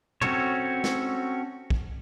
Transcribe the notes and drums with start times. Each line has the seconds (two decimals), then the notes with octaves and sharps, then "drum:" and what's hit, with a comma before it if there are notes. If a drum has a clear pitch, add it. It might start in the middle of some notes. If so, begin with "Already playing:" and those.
0.21 C4 C#4 F#4 A4 C#5, drum: tom
0.84 drum: snare
1.70 drum: kick